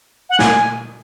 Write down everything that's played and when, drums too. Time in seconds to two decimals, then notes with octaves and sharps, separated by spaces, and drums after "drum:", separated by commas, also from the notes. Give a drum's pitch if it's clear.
0.30 F#5
0.39 G#5, drum: snare